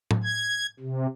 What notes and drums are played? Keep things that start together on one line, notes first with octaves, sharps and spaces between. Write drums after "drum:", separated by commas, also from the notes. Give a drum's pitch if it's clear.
drum: tom A2
G#6
C3